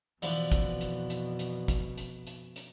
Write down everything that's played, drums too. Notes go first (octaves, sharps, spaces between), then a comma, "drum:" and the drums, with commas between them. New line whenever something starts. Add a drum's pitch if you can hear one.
F2 B2 D3 E3 F3, drum: hi-hat
drum: kick, hi-hat
drum: hi-hat
drum: hi-hat
drum: hi-hat
drum: kick, hi-hat
drum: hi-hat
drum: hi-hat
drum: hi-hat